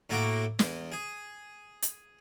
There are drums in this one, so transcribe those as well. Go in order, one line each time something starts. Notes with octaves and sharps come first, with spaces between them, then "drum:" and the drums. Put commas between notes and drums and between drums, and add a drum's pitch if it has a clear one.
A2 A3 A#3 F#4 D6
E2, drum: snare
G#4
drum: hi-hat